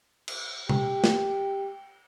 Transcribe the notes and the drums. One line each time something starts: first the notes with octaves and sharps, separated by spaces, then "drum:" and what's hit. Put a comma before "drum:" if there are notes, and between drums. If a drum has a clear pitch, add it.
drum: cymbal
G4, drum: tom C3
drum: snare